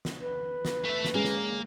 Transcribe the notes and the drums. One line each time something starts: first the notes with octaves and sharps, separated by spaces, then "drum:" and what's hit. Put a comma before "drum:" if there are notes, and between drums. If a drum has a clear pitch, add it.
drum: snare
B4
drum: snare
A3 E5
drum: snare
G#3 A#3 C#4 G#4
drum: snare